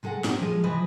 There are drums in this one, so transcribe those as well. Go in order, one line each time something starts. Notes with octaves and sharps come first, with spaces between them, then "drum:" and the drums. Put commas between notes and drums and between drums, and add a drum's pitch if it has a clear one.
C3 G#3 A4 E5 F#5
A#2 G4, drum: snare
F3 G#3
C3 E3 F3 B4 D#5